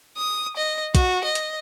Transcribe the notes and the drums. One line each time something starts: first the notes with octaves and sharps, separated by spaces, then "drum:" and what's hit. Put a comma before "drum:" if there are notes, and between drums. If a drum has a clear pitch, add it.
D#6
D#5
F#4, drum: kick, hi-hat
D#5
drum: hi-hat